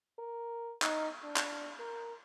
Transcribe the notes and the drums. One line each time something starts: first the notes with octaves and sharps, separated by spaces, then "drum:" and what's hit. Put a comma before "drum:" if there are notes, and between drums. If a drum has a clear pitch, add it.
A#4
D#4, drum: clap
D4
drum: clap
A#4